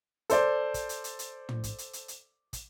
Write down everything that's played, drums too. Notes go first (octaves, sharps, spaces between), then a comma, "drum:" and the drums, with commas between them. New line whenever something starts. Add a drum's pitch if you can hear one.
A4 C5 D5, drum: hi-hat
drum: kick, hi-hat
drum: hi-hat
drum: hi-hat
drum: hi-hat
drum: tom
drum: kick, hi-hat
drum: hi-hat
drum: hi-hat
drum: hi-hat
drum: kick, hi-hat